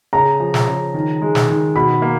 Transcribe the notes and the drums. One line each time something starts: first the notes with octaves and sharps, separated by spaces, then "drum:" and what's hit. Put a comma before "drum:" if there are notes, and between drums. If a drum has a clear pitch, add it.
C#3 A#5
F3
drum: snare
C#3
D#3
G#3
drum: snare
D#3
B2 B5
A#3